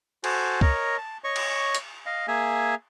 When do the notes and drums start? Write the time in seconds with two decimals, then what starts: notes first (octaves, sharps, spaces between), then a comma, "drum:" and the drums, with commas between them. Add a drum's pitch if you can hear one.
0.24 F#4 A4 C5 G#5, drum: cymbal
0.61 A#4 C#5 D#5, drum: kick C#2
0.98 A5
1.24 C#5 D#5 C#6
1.36 drum: cymbal
1.75 drum: hi-hat
2.06 D#5 F5
2.28 A#3 G#4 E5 G#5